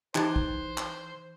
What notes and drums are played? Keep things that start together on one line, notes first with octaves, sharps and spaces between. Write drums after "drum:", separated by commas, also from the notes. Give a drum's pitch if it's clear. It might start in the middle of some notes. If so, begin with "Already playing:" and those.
E3 D#4 G4 C5 A5 F#6 G#6, drum: clap
drum: kick
drum: clap